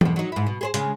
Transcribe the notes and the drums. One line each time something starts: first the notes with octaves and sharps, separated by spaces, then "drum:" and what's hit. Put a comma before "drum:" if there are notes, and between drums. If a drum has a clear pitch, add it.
F2 B2, drum: tom E3
F#3 D#4
G#2 E4
B2
G#4 B4 C5
C#3 G#3, drum: hi-hat